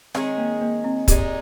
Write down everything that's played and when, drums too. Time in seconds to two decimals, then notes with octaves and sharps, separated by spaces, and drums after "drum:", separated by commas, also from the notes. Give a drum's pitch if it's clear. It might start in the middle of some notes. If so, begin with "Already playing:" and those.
0.15 D#3 G#3 C4 C#4 G#4, drum: rim click
0.38 A#3
0.61 A#3
0.84 C4
1.08 A#2 G#3 D#4 G4, drum: kick, hi-hat